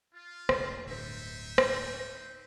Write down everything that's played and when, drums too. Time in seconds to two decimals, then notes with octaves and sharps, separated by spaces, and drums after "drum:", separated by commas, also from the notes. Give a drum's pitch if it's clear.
0.13 F4
0.49 F1 B2 D3, drum: rim click
0.87 D1 G2 C4 D#4 E5
1.58 drum: rim click